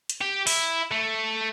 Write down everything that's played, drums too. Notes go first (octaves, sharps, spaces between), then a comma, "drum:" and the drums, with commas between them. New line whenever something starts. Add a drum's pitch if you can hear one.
drum: hi-hat
G4
E4, drum: open hi-hat
A3